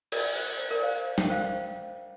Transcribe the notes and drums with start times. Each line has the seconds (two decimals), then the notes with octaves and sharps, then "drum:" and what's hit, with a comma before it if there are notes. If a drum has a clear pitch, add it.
0.12 A#4 D5, drum: cymbal
0.35 C5
0.47 A#4
0.59 C5
0.71 A#4 D5
0.83 C5 F5
1.18 G5, drum: snare
1.30 C5 F5